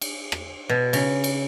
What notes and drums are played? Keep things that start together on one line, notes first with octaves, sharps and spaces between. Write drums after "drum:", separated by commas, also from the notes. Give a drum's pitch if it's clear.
drum: cymbal
drum: rim click
B2
C#3, drum: cymbal
drum: cymbal